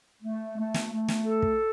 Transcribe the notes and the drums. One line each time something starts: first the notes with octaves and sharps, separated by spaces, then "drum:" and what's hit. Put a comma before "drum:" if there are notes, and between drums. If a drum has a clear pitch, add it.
A3
A3
drum: snare
A3
drum: snare
A4
drum: kick